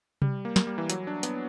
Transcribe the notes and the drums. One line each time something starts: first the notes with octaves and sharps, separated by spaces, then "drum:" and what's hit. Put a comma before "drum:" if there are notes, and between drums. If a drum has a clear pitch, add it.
G3, drum: tom C3
A#3
A#3, drum: snare
G3
E3
F#3, drum: hi-hat
D4
B3, drum: hi-hat